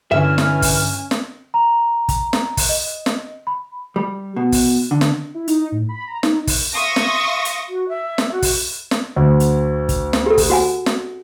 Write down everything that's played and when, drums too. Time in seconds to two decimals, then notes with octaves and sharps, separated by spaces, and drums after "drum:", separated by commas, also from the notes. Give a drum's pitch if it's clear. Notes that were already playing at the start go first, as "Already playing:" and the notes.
0.11 G2 D3 E3 C#4 E5 G#5 F6
0.38 drum: snare
0.62 drum: kick, open hi-hat
1.11 drum: snare
1.54 A#5
2.09 drum: kick, hi-hat
2.33 drum: snare
2.57 drum: kick, open hi-hat
2.69 D#5
3.06 drum: snare
3.47 B5
3.96 G3
4.36 B2
4.52 drum: kick, open hi-hat
4.91 D3
5.01 drum: snare
5.34 E4
5.48 D#4, drum: hi-hat
5.72 A2
5.89 B5
6.07 A#5
6.23 D#4, drum: snare
6.47 drum: kick, open hi-hat
6.74 E5 F5 C6 C#6 D#6 A#6
6.96 drum: snare
7.45 drum: hi-hat
7.68 F#4
7.89 E5
8.18 drum: snare
8.32 F#4
8.42 drum: kick, open hi-hat
8.91 drum: snare
9.16 D2
9.40 drum: hi-hat
9.89 drum: kick, hi-hat
10.13 drum: snare
10.26 G4 A4
10.38 drum: kick, open hi-hat
10.50 F#4 F#5 G#5
10.86 drum: snare